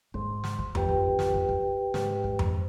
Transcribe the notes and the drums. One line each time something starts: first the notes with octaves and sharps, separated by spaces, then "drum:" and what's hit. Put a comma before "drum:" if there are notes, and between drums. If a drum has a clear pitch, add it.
G#2 C6, drum: kick
drum: snare
drum: kick
G#1 F2 G4 B4 G5, drum: tom F2
drum: kick
drum: snare
drum: kick
drum: kick
G#2, drum: snare
drum: kick
drum: tom F2